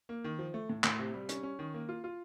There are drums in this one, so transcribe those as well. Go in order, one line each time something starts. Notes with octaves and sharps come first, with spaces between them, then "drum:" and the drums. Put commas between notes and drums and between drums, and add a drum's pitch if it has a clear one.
A#3
D#3
F3
A3
A2
A2, drum: clap
C3
G3
C#4, drum: hi-hat
C#4
D#3
A#3
F4
F4